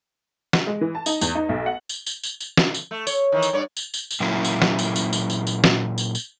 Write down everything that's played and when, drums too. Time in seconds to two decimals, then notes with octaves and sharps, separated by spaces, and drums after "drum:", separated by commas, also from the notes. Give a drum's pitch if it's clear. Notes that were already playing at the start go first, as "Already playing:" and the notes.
0.53 drum: snare
0.67 G#3
0.81 E3
0.95 A5
1.06 D#4, drum: tambourine
1.21 E2, drum: tambourine
1.35 D#4
1.49 B1
1.66 F#5
1.89 drum: tambourine
2.06 drum: tambourine
2.23 drum: tambourine
2.40 drum: tambourine
2.57 drum: snare
2.74 drum: tambourine
2.91 A3
3.07 C#5, drum: tambourine
3.32 D#3 E3
3.43 drum: tambourine
3.53 G2 C#5 D5
3.77 drum: tambourine
3.94 drum: tambourine
4.11 drum: tambourine
4.20 A#2 F#3 A#3 C#4 E4
4.45 drum: tambourine
4.62 drum: snare
4.79 drum: tambourine
4.96 drum: tambourine
5.13 drum: tambourine
5.30 drum: tambourine
5.47 drum: tambourine
5.64 drum: snare
5.98 drum: tambourine
6.15 drum: tambourine